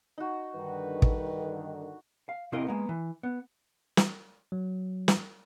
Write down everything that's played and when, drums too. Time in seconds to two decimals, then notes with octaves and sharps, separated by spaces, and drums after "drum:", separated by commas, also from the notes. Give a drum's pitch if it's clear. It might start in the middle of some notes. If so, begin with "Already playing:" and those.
0.18 D#4 F#4
0.55 G2 D3 D#3 B4
1.02 drum: kick
2.29 F5
2.52 C3 C4 E4 F4 A#4 D#5
2.67 G#3 A#3 B3
2.89 E3
3.23 B3
3.97 drum: snare
4.52 F#3
5.08 drum: snare